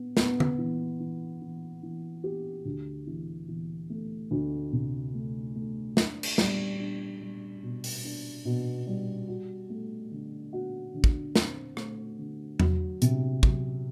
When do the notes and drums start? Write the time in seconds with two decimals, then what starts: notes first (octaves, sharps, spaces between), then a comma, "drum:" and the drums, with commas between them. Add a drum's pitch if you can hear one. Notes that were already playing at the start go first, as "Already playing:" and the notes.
Already playing: B3
0.17 B3, drum: snare
0.40 drum: tom D3
0.58 E3
1.00 E3
1.41 E3
1.83 E3
2.24 G4
2.65 D2
3.07 E3
3.48 E3
3.90 A3
4.31 D2
4.72 C3
5.14 A3
5.55 A3
5.97 D4, drum: snare
6.23 drum: cymbal
6.38 G3, drum: snare
6.79 D4
7.21 G3
7.62 B2
7.84 drum: open hi-hat
8.04 D4
8.45 B2
8.87 G3
9.29 F#4
9.70 A3
10.11 D3
10.53 F#4
10.94 D3
11.04 drum: kick
11.35 C4, drum: snare
11.77 A3, drum: rim click
12.19 D3
12.60 F#3, drum: tom E2
13.02 C3, drum: hi-hat
13.43 F#3, drum: kick